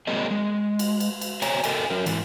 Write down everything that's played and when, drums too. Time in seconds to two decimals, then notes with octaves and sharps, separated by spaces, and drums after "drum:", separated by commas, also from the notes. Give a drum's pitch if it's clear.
0.07 F#3 G#3 A#3 C4 G#4 D#5
0.31 G#3
0.79 drum: cymbal
1.00 drum: cymbal
1.21 drum: cymbal
1.42 C5 C#5 G#5 A#5, drum: cymbal
1.64 A4 A#4 D#5 G5 G#5, drum: cymbal
1.90 F#3 A#4
2.06 G#2 E3, drum: cymbal